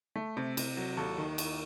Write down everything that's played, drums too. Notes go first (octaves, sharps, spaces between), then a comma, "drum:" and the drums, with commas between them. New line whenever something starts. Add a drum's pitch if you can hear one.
A3
C3
C3, drum: cymbal
F#3
D#2 A4
D#3
D#2, drum: cymbal